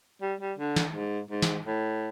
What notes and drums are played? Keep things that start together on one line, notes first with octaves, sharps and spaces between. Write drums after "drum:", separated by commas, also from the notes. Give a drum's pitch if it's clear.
G3
G3
D3
drum: snare
G#2
G#2
drum: snare
A2